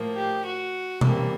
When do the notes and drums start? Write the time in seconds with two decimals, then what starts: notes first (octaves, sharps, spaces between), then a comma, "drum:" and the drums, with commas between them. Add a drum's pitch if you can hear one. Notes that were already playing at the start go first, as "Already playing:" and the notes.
Already playing: A2 F3 A#3
0.17 G4
0.45 F#4
1.01 C3 E3 G3 A#3, drum: tom B2